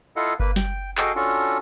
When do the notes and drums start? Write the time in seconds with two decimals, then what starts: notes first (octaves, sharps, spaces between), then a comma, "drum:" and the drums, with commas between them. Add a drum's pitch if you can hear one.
0.16 E4 F4 A4 D#5 F5 F#5
0.40 A#3 B4, drum: kick G1
0.56 G5, drum: snare
0.98 F#4 G#4 A4 D#5 F5 G5, drum: clap
1.16 C#4 D4 F4 F#4 A4